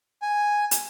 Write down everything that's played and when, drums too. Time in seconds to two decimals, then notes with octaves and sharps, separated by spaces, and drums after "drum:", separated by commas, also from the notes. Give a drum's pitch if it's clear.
0.22 G#5
0.71 drum: hi-hat